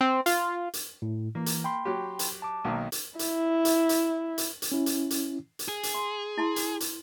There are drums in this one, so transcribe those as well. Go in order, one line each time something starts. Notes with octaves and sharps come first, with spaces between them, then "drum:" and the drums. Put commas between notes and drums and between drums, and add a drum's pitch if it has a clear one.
C4
F4, drum: hi-hat
drum: hi-hat
A2
E3 A#3
drum: hi-hat
G5 B5 C6
F#3 G4
drum: hi-hat
A5 D6
B1 D#3 A#3
drum: hi-hat
E4, drum: hi-hat
drum: hi-hat
drum: hi-hat
drum: hi-hat
drum: hi-hat
C#4 E4
drum: hi-hat
drum: hi-hat
drum: hi-hat
G#4
drum: hi-hat
C6
E4 A5 C6
drum: hi-hat
drum: hi-hat